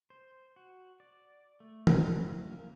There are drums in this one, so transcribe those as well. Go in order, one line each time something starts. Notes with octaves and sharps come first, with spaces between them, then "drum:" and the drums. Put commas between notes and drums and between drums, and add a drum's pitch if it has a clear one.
C5
F#4
D5
A3
drum: tom
A#3